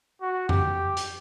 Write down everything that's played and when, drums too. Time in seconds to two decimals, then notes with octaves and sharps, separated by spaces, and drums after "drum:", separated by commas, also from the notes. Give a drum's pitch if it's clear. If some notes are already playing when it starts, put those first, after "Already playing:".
0.21 F#4
0.49 G4, drum: tom F2
0.97 drum: hi-hat